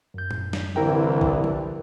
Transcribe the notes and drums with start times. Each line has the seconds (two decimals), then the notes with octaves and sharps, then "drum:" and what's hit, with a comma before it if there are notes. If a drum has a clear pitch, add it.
0.14 F#2 G6
0.31 drum: tom
0.53 drum: snare
0.76 C2 D3 E3 E4 A#4 G5
1.21 drum: kick A#1
1.44 drum: tom F3